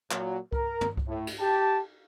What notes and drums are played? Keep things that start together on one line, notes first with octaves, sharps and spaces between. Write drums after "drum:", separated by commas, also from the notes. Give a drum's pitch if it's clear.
A#2 F#3, drum: clap
A#4, drum: kick C2
drum: tom
drum: kick C2
A2
drum: cymbal
G4 A5